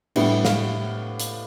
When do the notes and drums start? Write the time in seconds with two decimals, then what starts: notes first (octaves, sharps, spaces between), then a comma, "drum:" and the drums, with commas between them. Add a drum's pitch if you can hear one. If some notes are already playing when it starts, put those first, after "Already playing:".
0.16 A2 G3 B3 D4 E5, drum: cymbal
0.45 F5, drum: snare
1.20 drum: hi-hat